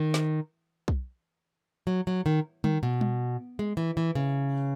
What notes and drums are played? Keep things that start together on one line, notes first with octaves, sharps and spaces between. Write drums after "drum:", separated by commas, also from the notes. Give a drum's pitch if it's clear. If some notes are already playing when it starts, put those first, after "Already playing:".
Already playing: D#3
drum: snare
drum: kick B1
F#3
F#3
D#3
D#3, drum: tom G3
B2
drum: tom G3
G#3
E3
E3
C#3